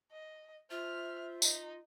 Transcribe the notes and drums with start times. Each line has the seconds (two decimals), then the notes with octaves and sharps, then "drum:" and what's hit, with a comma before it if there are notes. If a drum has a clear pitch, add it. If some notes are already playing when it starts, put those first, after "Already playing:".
0.11 D#5
0.70 F4 C5 E5 F6
1.42 D#4, drum: tambourine